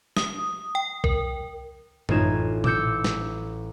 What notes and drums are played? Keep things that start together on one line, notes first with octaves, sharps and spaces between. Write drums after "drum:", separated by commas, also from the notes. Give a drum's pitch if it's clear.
D#6, drum: snare
G5
A#4, drum: kick B1
A1 A2 D#4 F4 G#6 E7, drum: tom F#2
D6 E6 G6 C#7, drum: tom A#2
drum: snare